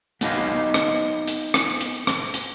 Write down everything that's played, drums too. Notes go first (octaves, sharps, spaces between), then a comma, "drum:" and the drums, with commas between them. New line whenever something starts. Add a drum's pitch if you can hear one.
B3 D#4 D#5 F5, drum: hi-hat
drum: rim click
drum: hi-hat
drum: rim click
drum: hi-hat
drum: rim click
drum: hi-hat